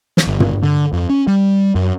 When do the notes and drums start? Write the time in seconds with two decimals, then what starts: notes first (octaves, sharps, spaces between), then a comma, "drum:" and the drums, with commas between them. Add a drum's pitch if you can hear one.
0.17 drum: snare
0.27 G1
0.40 drum: tom
0.63 D3
0.93 F2
1.09 C#4
1.27 G3
1.75 F#2